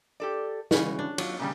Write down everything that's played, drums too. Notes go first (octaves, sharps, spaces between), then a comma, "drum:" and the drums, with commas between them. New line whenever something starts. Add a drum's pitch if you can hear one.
G4 A4 D5
C#3 E3 F#4, drum: snare
D4
F#3 F4 D5, drum: cymbal
A#2 C#3 G3